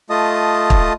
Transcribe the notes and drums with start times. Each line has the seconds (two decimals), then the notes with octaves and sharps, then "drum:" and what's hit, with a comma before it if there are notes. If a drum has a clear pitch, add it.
0.10 A3 F4 D#5 A5 D#6
0.70 drum: kick